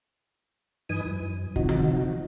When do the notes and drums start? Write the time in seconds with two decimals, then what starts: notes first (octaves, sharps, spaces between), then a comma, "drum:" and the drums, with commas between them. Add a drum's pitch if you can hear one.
0.89 G2 E3 D#4 B4 G#5 D#6
1.06 F#2
1.56 C3 F3 D#4 F#4, drum: kick
1.69 drum: tom